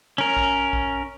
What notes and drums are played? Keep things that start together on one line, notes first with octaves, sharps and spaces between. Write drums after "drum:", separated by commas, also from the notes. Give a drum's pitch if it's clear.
C#4 A#4
drum: kick A#1
drum: kick A#1